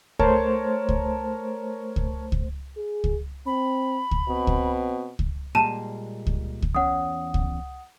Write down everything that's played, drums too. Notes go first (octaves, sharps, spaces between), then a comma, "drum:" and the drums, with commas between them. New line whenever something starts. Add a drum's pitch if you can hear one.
A3 A#4 C5 C#5 A5, drum: kick C#2
drum: kick C#2
drum: kick C#2
drum: kick C#2
G#4
drum: kick C#2
C4 B5
drum: kick C#2
B2 C4
drum: kick C#2
drum: kick C#2
A#2 G3 G#3 A5 D#7
drum: kick C#2
drum: kick C#2
E2 C#4 F#5 D#6
drum: kick C#2